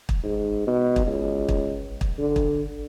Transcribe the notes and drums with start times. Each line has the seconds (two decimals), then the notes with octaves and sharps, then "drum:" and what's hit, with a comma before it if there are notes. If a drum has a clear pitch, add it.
0.09 drum: kick
0.24 G#2
0.67 B2
0.96 drum: kick
1.06 C#2
1.49 drum: kick
2.01 drum: kick
2.18 D3
2.36 drum: kick